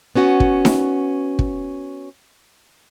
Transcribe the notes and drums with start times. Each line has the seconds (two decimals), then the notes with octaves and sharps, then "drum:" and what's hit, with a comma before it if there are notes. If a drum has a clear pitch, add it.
0.16 B3 C#4 F#4 F#5
0.40 drum: kick
0.65 drum: snare D#4
1.39 drum: kick